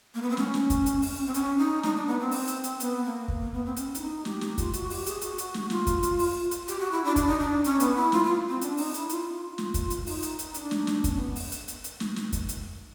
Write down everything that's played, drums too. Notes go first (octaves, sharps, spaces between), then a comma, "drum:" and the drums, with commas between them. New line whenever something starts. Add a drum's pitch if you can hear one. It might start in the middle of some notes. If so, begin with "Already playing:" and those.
A#3
B3
C4
C#4, drum: snare
drum: snare
drum: kick, hi-hat
drum: hi-hat
drum: open hi-hat
C4
C#4, drum: hi-hat
D#4
D#4, drum: snare
D4
B3
C4
drum: open hi-hat
drum: hi-hat
drum: hi-hat
B3, drum: hi-hat
A#3
drum: kick
A#3
B3
C4
C#4, drum: hi-hat
E4, drum: hi-hat
D#4
G4, drum: snare
drum: snare
F4, drum: kick, hi-hat
F#4, drum: hi-hat
G4, drum: open hi-hat
G#4, drum: hi-hat
F#4, drum: hi-hat
drum: hi-hat
drum: snare
F4, drum: snare
drum: kick, hi-hat
drum: hi-hat
drum: open hi-hat
drum: hi-hat
G4, drum: hi-hat
F#4
E4
D4
D4, drum: kick, hi-hat
D#4
D4
C#4, drum: hi-hat
B3, drum: hi-hat
E4
F4, drum: snare
F4
C4
D4, drum: hi-hat
D#4, drum: open hi-hat
E4, drum: hi-hat
F4, drum: hi-hat
F4
drum: snare
drum: kick, hi-hat
drum: hi-hat
D#4, drum: open hi-hat
drum: hi-hat
drum: hi-hat
D4, drum: hi-hat
drum: snare
drum: snare
C#4, drum: kick, hi-hat
B3
drum: open hi-hat
drum: hi-hat
drum: hi-hat
drum: hi-hat
drum: snare
drum: snare
drum: kick, hi-hat
drum: hi-hat